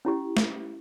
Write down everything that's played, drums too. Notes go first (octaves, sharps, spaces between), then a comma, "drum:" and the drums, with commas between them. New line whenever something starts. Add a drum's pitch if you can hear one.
C#4 E4 G4
drum: snare